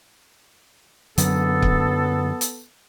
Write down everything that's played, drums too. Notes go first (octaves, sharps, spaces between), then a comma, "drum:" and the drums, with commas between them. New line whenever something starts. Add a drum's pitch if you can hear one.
F#2 D3 F#3 B3 A4, drum: hi-hat
drum: kick C#1
drum: hi-hat